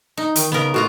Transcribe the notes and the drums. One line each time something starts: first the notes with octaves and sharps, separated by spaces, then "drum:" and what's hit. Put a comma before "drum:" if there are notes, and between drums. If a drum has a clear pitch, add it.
D#4
D#3, drum: hi-hat
C#3 B3 A#4
A2 F4 F#4 A#5